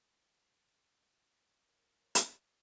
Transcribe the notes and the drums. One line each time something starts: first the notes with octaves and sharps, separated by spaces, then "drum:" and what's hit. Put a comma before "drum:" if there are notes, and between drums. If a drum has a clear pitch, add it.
A#4 C#5 F5 G#5 A#5
drum: hi-hat